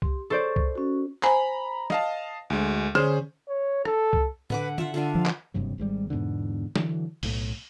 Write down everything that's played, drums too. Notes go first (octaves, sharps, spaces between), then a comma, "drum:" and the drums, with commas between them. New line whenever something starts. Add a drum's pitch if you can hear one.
G4 C6, drum: kick C2
A4 C5 D5 C#6
drum: kick C2
C#4 F#4
C5 G#5 A#5 B5, drum: clap
D#5 F5 A5, drum: snare
D2 G#3
D3 C#4 G#4 C5, drum: snare
C#5
A4, drum: rim click
drum: kick C2
D3 B4 F#5 D6, drum: tom
F4 E5 F#5, drum: tom
D3 D4 F4
F3
drum: clap
F#1 G2 C3 F#3
G#1 G#2 C#3 G3
E2 G#2 B2 D3
D3 E3 F#3, drum: snare
B1 A2, drum: open hi-hat